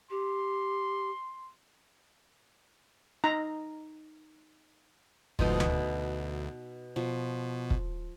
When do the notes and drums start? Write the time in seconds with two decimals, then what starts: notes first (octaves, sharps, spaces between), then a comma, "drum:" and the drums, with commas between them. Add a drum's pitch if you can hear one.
0.10 G4 C6
3.24 D#4 A#5
5.39 D2 G#2 B2 F3 D#4 D#5, drum: kick
5.60 drum: tom D2
5.70 D2
6.96 B2 F3
7.70 drum: kick